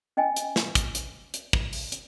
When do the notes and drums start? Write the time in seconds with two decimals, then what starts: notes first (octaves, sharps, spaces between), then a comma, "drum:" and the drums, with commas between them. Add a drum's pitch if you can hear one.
0.17 C#4 D#5 G5 G#5
0.36 drum: hi-hat
0.56 drum: snare
0.75 drum: kick, hi-hat
0.95 drum: hi-hat
1.34 drum: hi-hat
1.53 drum: kick
1.73 drum: open hi-hat
1.92 drum: hi-hat